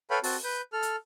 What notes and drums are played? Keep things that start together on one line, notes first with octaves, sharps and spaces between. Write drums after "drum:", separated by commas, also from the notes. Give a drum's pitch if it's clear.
A4 B4 C#5 F5 G5 B5
C4 F#4 A5, drum: open hi-hat
B4 G6
A4 F6
drum: hi-hat